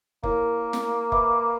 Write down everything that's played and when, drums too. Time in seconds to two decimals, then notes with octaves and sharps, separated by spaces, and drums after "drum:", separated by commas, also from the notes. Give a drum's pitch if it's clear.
0.23 A#3 E4 A#4 C#5, drum: kick F1
0.73 drum: snare
1.12 B4 E5 B5 D6, drum: kick F1